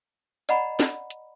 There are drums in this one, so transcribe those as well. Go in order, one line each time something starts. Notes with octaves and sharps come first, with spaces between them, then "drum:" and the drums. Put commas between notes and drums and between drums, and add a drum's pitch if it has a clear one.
D5 D#5 F#5 A#5 B5, drum: hi-hat
drum: snare
drum: hi-hat